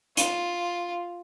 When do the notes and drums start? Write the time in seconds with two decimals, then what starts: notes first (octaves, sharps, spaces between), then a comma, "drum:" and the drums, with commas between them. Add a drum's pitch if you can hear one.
0.17 F4, drum: hi-hat